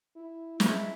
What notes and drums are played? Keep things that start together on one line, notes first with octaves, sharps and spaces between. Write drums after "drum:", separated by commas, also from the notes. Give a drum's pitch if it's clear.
E4
G#3 E4, drum: snare